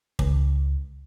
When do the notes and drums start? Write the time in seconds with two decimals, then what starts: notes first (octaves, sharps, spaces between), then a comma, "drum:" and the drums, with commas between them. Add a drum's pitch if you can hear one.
0.19 C#2, drum: kick